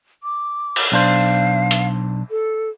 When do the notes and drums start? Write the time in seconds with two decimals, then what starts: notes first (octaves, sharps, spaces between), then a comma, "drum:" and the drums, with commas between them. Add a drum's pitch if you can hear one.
0.23 D6
0.76 drum: cymbal
0.92 B1 D4 C5 F5
1.71 drum: hi-hat
2.31 A4